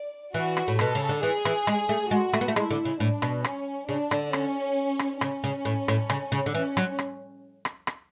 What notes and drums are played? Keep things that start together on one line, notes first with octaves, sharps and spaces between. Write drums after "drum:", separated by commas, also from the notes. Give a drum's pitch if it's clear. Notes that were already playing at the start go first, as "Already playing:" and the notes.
Already playing: D5
E3 F#4
drum: rim click
A2
B2 A4, drum: rim click
C#3
D3
E3 G#4
E3, drum: rim click
G#3, drum: rim click
A3
G#3 F#4
A3, drum: rim click
B3
A3
G#3 E4, drum: rim click
D3
C#3
A2 D4
B2, drum: rim click
C#4, drum: rim click
C#3 D4
D3, drum: rim click
C#4, drum: rim click
drum: rim click
C#3 C#4, drum: rim click
C#3
A2
A2, drum: rim click
C#3, drum: rim click
C#3
D3
E3 C#4
F#3, drum: rim click
drum: rim click
drum: rim click
drum: rim click